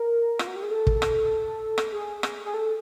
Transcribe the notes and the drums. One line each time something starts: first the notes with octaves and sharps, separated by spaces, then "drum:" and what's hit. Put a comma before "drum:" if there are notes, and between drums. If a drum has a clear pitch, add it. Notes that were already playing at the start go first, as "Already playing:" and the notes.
Already playing: A#4
F4, drum: rim click
F#4
G4
G#4
A4
drum: kick
drum: rim click
drum: rim click
G#4
drum: rim click
G#4
A4